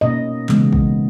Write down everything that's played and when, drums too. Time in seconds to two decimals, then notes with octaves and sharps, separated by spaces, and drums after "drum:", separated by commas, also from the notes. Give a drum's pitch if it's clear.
0.01 B2 A#3 C#4 D#5
0.49 C#3 E3 G#3 B3, drum: clap
0.73 drum: kick